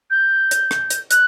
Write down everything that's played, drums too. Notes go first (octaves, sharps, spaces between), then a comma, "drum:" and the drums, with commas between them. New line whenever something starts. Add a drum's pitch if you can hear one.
G6
drum: hi-hat
drum: rim click
drum: hi-hat
F#6, drum: hi-hat